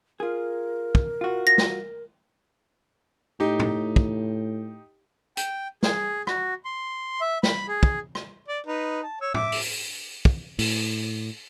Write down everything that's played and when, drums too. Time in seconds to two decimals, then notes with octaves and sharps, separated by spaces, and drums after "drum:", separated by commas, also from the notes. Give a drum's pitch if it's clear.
0.20 F4 G#4 A#4
0.95 drum: kick
1.21 F4 F#4
1.47 A#6
1.58 drum: snare
3.40 A2 D#4 G4
3.60 drum: tom A2
3.96 drum: kick
5.37 G5, drum: hi-hat
5.83 G#4, drum: snare
6.27 F#4, drum: rim click
6.65 C6
7.21 E5
7.43 B5, drum: snare
7.68 G#4
7.83 drum: kick
8.15 drum: rim click
8.48 D5
8.66 D#4 B4
9.03 A5
9.21 C#5 E6
9.34 E5 D6, drum: tom A2
9.52 drum: open hi-hat
10.25 drum: kick
10.59 A2, drum: open hi-hat